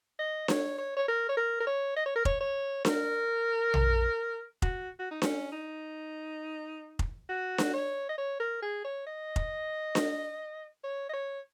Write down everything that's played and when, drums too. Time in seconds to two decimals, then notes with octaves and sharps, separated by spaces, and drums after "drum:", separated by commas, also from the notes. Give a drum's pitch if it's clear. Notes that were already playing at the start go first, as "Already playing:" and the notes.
0.19 D#5
0.48 C#5, drum: snare D4
0.78 C#5
0.96 C#5
1.08 A#4
1.29 C#5
1.37 A#4
1.60 A#4
1.67 C#5
1.96 D#5
2.05 C#5
2.15 A#4
2.25 C#5, drum: kick F1
2.41 C#5
2.85 A#4, drum: snare D4
3.74 drum: tom A#1
4.62 F#4, drum: kick F1
4.99 F#4
5.11 D#4
5.22 C#4, drum: snare D4
5.51 D#4
6.99 drum: kick F1
7.29 F#4
7.58 drum: snare D4
7.73 C#5
8.09 D#5
8.18 C#5
8.40 A#4
8.62 G#4
8.84 C#5
9.06 D#5
9.36 drum: kick F1
9.95 drum: snare D4
10.83 C#5
11.09 D#5
11.13 C#5